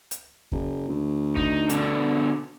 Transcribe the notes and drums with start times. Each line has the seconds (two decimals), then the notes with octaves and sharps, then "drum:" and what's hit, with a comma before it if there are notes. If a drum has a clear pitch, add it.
0.11 drum: hi-hat
0.52 F#1, drum: kick
0.89 D2
1.37 D#4, drum: kick
1.69 B2 D3, drum: hi-hat